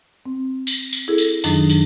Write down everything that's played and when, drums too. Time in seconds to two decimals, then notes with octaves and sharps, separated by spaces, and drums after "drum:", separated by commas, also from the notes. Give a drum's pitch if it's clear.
0.26 C4
0.67 drum: tambourine
0.93 drum: tambourine
1.08 E4 G#4 A4
1.18 drum: tambourine
1.44 F#2 D#3 F#3 D4 D#4, drum: tambourine
1.69 drum: tambourine